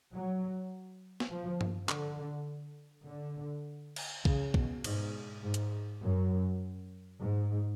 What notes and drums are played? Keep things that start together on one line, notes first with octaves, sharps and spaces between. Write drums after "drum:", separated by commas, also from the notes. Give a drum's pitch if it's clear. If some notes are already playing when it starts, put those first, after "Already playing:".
F#3
drum: snare
F3
drum: tom G2
D3, drum: clap
D3
drum: cymbal
C#3, drum: kick A#1
B2, drum: kick A#1
G#2, drum: cymbal
G#2
drum: hi-hat
F#2
G#2